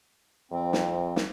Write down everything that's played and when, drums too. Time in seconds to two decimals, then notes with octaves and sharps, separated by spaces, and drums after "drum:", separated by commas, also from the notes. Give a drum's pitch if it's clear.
0.52 F2 C4
0.73 drum: snare
1.16 drum: snare